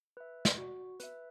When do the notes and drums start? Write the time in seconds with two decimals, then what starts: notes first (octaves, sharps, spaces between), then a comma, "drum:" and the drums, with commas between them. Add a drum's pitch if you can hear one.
0.17 B4 E5
0.45 drum: snare
0.58 F#4
1.00 B4 E5, drum: hi-hat